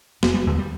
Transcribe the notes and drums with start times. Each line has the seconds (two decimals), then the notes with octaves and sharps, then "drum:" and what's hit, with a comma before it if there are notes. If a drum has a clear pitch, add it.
0.23 F1 G3, drum: snare
0.34 G3
0.46 D#2 D3 G#3
0.59 G3